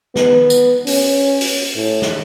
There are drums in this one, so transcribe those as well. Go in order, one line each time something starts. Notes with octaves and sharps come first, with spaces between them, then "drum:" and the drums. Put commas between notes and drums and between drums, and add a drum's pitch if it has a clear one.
B3, drum: snare
drum: tambourine
C#4, drum: open hi-hat
drum: open hi-hat
A2
drum: snare